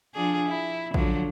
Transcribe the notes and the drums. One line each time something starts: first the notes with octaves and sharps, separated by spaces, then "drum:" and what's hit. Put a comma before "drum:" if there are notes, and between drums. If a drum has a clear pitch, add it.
F3 D4 G#4
E4
D3 F3 F#3, drum: kick